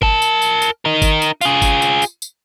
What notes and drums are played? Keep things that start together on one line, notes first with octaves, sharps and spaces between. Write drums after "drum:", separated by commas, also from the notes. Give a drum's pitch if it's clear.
A#4 A5, drum: kick G1
drum: tambourine
drum: tambourine
drum: tambourine
D#4 A#4
drum: kick G1, tambourine
drum: tambourine
F4 G#4, drum: tambourine
drum: kick G1, tambourine
drum: tambourine
drum: tambourine
drum: tambourine